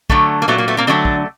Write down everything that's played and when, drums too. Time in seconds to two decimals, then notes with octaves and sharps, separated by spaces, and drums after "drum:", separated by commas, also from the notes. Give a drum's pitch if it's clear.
0.10 D3 F#3 A3, drum: kick
0.42 A#3
0.48 A#2 F#3 A3 B3
0.58 A#3
0.68 A3 B3
0.77 A#3 C4
0.87 D3 F#3 A3 C4 D4
1.05 drum: kick